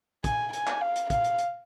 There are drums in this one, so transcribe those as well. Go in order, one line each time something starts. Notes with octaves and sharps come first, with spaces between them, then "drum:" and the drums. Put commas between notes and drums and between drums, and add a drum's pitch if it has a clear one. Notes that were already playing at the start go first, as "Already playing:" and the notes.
G#5, drum: kick, hi-hat
G#5, drum: hi-hat
drum: clap
F5
drum: hi-hat
F5, drum: kick, hi-hat
drum: hi-hat
drum: hi-hat